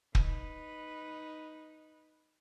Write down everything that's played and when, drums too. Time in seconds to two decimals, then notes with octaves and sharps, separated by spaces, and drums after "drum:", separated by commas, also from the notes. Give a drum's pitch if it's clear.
0.15 D#4 B4, drum: kick